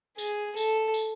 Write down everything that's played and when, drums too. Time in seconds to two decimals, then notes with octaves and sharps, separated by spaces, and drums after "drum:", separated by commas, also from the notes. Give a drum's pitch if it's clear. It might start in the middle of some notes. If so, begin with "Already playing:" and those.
0.18 G#4, drum: tambourine
0.56 A4, drum: tambourine
0.94 drum: tambourine